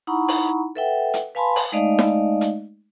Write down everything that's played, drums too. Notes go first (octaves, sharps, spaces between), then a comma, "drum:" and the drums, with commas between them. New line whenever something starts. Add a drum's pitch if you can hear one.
D#4 E4 F#5 A#5 B5 C#6
drum: open hi-hat
A4 B4 E5 F#5 G5
drum: hi-hat
B4 F5 G#5 A5 B5 C6
drum: open hi-hat
G#3 A3 D#4 D5 D#5 F5
drum: snare
drum: hi-hat